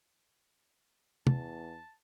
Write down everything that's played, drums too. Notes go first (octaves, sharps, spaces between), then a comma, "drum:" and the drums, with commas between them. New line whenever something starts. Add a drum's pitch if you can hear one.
E2 A5, drum: tom